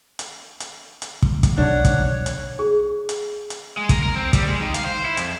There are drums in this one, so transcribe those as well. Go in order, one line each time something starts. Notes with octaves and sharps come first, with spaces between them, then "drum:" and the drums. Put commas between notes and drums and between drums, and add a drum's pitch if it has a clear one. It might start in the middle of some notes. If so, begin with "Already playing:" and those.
drum: hi-hat
drum: hi-hat
drum: hi-hat
drum: kick
drum: kick, hi-hat
B1 D4 C#5 F#5
drum: kick, hi-hat
drum: hi-hat
G#4
drum: hi-hat
drum: hi-hat
G#3
A#4, drum: kick, hi-hat
A#4
C4
G3, drum: kick, hi-hat
G#3
D#3
F5, drum: hi-hat
C5
E4
F2, drum: hi-hat